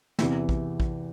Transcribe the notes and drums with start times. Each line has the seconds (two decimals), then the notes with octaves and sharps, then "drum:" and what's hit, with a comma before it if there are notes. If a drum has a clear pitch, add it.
0.19 E2 C3 E3, drum: snare
0.49 drum: kick A#1
0.80 drum: kick A#1